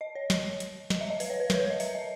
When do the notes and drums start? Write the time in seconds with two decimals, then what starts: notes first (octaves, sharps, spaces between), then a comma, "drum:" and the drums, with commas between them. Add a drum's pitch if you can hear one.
0.01 D#5
0.15 C#5
0.30 D#5, drum: snare
0.60 drum: hi-hat
0.90 D#5, drum: snare
1.01 E5
1.10 D#5
1.20 B4, drum: open hi-hat
1.30 C#5
1.40 B4
1.50 A#4, drum: snare
1.60 B4
1.70 D#5
1.80 E5, drum: open hi-hat
1.95 D#5